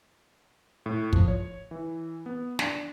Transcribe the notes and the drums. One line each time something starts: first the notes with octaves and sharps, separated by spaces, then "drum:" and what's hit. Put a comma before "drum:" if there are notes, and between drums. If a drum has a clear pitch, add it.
A2
F3, drum: kick
C#5
E3
B3
D4, drum: snare